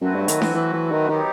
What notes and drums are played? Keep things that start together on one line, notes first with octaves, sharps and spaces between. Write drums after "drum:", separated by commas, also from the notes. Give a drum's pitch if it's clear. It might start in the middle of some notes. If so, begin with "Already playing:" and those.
F#2 F#3 A3 C4 F#4 B4
G2
D#3, drum: hi-hat
E3, drum: snare D4
E3
E3
D#3
D#3 F#3 B3 D#4 G4